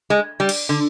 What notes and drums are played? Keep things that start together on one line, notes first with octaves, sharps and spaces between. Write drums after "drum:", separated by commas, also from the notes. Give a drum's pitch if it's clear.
G#3
G3
drum: cymbal
D3